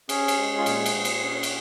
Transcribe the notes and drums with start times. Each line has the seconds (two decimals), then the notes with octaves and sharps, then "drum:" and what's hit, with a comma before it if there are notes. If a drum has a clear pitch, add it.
0.09 C#4 G#4, drum: cymbal
0.28 drum: cymbal
0.38 G#3
0.58 F4
0.66 A#2 G#4, drum: cymbal
0.86 drum: cymbal
0.95 A#2
1.05 drum: cymbal
1.24 C#4
1.43 drum: cymbal